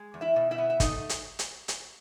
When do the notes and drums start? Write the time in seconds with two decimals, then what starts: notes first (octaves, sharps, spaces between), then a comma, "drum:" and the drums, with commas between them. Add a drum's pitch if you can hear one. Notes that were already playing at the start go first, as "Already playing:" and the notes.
Already playing: G#3
0.14 E2
0.21 E4 E5
0.36 B2
0.51 E4 E5
0.58 B3
0.70 E5
0.80 A3 D#4 D#5, drum: kick, hi-hat
1.09 drum: hi-hat
1.39 drum: hi-hat
1.68 drum: hi-hat